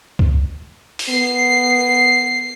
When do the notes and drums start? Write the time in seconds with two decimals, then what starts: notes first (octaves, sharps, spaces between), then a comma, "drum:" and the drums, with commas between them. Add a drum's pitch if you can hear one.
0.19 drum: kick C#2
0.99 drum: open hi-hat
1.09 B3 C7